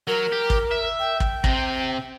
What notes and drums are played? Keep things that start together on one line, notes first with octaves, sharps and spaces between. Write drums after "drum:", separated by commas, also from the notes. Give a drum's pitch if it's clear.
F#3 A#4
G4
drum: kick
E5
G5
drum: kick
C3 C4, drum: kick